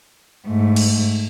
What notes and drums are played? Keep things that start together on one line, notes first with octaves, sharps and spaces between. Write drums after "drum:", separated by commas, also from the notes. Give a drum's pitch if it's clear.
G#2 A3
drum: cymbal